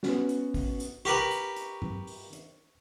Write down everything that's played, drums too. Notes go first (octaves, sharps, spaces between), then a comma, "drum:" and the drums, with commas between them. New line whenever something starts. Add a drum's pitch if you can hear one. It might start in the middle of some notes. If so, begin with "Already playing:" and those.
B3 C#4 F#4, drum: snare
drum: hi-hat
drum: kick, open hi-hat
drum: hi-hat
G4 A#4 B4 C#6
drum: hi-hat
drum: hi-hat
drum: tom G2
drum: open hi-hat
drum: hi-hat